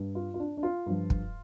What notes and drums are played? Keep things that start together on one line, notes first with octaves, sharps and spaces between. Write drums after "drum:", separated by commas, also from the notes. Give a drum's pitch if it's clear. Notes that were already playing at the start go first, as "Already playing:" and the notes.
Already playing: G2
F4
F4
D4
D4
F4
G2 F3
drum: kick